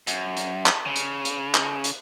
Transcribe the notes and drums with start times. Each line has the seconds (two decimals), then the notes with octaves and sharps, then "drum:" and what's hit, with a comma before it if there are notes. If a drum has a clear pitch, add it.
0.07 F#2, drum: hi-hat
0.37 drum: hi-hat
0.66 drum: clap
0.86 C#3
0.96 drum: hi-hat
1.25 drum: hi-hat
1.55 drum: clap
1.84 drum: hi-hat